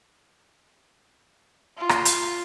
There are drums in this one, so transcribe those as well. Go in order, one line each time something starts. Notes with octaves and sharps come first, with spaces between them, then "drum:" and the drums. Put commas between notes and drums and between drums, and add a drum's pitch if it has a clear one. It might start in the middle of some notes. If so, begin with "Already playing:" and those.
F4
drum: rim click
drum: hi-hat